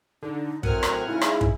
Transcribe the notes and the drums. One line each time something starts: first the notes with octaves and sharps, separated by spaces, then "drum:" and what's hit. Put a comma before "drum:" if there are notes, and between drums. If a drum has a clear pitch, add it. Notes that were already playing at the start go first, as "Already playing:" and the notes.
D3 D#4
A2 F#3 C4 A#4 F#5 G#5 F6, drum: kick
drum: rim click
C#3 G#3 D#4 E4
drum: rim click
drum: kick